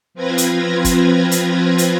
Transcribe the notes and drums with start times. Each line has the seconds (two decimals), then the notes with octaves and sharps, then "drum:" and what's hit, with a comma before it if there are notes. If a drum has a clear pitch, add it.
0.14 F3 C4 F4 B4 G#6 A#6
0.38 drum: hi-hat
0.85 drum: kick, hi-hat
1.31 drum: hi-hat
1.78 drum: hi-hat